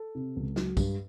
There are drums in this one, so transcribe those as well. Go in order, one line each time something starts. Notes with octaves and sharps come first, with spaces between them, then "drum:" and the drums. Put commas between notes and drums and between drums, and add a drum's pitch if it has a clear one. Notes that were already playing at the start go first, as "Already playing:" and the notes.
Already playing: A4
C3
C#2
F#3, drum: snare
G2, drum: kick, tambourine